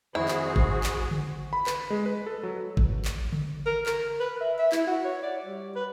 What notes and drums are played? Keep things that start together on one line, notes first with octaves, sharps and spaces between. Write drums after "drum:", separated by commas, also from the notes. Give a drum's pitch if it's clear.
F2 D#3 E4 F#4 G#4 C5
drum: clap
drum: kick G#1
drum: clap
drum: tom C#3
B5
B4, drum: clap
G#3
B4
A4
F#3
drum: kick G#1
drum: clap
drum: tom C#3
A#4
A#4, drum: clap
B4
E5
E5
E4, drum: clap
F#4
C#5
D5
G3
B4